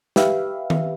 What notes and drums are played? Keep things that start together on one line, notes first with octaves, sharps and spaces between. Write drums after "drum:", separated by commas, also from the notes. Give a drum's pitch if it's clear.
G4 B4 E5 F5, drum: snare
drum: tom D#3